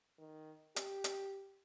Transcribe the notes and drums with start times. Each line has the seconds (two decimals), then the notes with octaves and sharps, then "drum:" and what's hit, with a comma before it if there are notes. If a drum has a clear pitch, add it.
0.18 D#3
0.76 G4, drum: hi-hat
1.04 drum: hi-hat